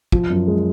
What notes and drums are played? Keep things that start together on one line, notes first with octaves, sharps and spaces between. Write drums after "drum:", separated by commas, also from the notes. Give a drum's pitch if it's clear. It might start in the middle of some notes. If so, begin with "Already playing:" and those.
F3, drum: kick
F#2
G#3